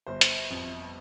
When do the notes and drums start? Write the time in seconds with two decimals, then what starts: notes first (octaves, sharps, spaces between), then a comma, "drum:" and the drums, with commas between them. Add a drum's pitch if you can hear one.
0.07 G1 C5
0.21 drum: hi-hat
0.50 F2